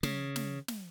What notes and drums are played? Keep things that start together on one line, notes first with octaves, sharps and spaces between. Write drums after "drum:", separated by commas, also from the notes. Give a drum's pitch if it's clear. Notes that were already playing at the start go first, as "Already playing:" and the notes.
C#3, drum: snare
drum: snare
drum: snare